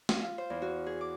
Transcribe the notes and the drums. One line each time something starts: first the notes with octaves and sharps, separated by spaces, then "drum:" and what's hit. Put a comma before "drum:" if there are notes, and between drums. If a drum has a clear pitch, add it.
F4, drum: snare
F4
C5
E2
F#4
G#4
D6